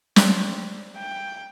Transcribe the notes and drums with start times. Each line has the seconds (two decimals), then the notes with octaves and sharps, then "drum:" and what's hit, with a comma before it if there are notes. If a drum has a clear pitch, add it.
0.16 C4 D4, drum: snare
0.96 G5